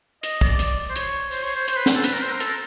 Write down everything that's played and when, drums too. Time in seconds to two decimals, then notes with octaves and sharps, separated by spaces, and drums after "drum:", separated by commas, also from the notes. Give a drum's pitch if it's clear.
0.23 D#5, drum: hi-hat
0.41 D5, drum: kick
0.59 drum: hi-hat
0.90 C5
0.96 C#5, drum: hi-hat
1.31 C5, drum: open hi-hat
1.43 C#5
1.56 C5
1.68 C5, drum: hi-hat
1.77 B4
1.86 drum: snare
1.95 A4
2.04 B4, drum: hi-hat
2.13 A#4
2.22 C5
2.31 A#4
2.40 A4, drum: hi-hat